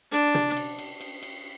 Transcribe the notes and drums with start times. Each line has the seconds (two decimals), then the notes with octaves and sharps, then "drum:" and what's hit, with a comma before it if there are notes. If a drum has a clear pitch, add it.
0.13 D4
0.35 drum: tom
0.57 drum: cymbal
0.79 drum: cymbal
1.01 drum: cymbal
1.23 drum: cymbal